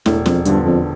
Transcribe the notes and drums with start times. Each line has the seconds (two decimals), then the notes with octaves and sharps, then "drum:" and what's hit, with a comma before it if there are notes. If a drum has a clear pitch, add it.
0.06 E1 A2, drum: snare
0.26 F2, drum: snare
0.45 E2 G2 D3 F3 B3, drum: hi-hat
0.65 F2